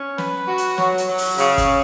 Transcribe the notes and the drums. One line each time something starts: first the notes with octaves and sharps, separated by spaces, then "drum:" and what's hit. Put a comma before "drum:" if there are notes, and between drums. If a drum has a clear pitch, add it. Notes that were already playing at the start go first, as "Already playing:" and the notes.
Already playing: C#4
B4, drum: snare
F#4
drum: hi-hat
F#3, drum: snare
drum: hi-hat
F#3
drum: open hi-hat
C#3, drum: hi-hat
drum: kick, hi-hat
C#4